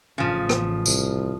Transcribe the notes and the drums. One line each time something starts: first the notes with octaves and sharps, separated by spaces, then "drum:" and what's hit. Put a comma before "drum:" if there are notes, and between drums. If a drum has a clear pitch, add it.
A1 C#3 F3
drum: rim click
C2, drum: tambourine